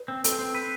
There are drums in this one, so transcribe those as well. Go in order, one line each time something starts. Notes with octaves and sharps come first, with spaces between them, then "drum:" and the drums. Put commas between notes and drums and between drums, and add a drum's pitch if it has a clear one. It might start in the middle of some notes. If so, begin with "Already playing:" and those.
Already playing: B4
C4
C4 A4, drum: hi-hat
C4
B4